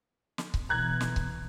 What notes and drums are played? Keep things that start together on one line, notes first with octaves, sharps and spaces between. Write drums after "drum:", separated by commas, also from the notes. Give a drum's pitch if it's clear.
drum: snare
drum: kick C#1
B2 E3 A#5 F#6 G#6
drum: snare
drum: kick C#1